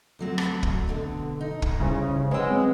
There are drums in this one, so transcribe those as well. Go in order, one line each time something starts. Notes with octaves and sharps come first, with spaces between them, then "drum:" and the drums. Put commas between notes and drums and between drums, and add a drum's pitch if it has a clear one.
D2 F#3 C4
drum: rim click
drum: kick
B2 D3 C4
D#4
drum: kick
C#3 G3 E4 C5
G#3 B4 C#5 F#5 G5 E6
F#3 C4